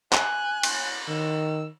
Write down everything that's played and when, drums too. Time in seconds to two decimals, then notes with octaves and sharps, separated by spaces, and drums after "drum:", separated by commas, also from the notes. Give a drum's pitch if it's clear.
0.13 G#5 F#6, drum: clap
0.63 drum: cymbal
1.09 D#3 E6